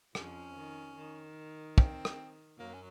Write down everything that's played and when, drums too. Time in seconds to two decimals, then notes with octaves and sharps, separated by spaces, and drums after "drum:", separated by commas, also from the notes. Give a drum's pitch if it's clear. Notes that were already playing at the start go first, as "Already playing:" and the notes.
0.15 F2 F3 C#4, drum: rim click
0.56 D#3
0.96 D#3
1.78 C4, drum: kick
2.05 drum: rim click
2.59 F#2 F#3 A#3
2.74 C#4